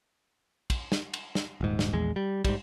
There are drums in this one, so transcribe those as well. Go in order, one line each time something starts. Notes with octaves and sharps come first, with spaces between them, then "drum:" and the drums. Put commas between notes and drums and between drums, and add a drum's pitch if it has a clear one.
drum: kick, cymbal
drum: snare
drum: cymbal
drum: snare
D#1 G#2
drum: snare
A#1 E2 G#3
G3
G#2 G3, drum: kick, cymbal